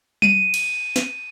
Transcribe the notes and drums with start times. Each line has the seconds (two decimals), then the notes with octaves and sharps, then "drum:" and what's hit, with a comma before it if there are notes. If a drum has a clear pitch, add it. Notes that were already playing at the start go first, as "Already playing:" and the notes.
0.22 D#7, drum: tom F#3
0.54 drum: cymbal
0.96 drum: snare